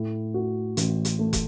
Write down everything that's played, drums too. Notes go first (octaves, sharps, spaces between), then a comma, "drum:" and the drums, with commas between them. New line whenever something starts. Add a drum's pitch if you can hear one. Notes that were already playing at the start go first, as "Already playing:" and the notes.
Already playing: A2
F#4
A1, drum: hi-hat
drum: hi-hat
A3
drum: kick, hi-hat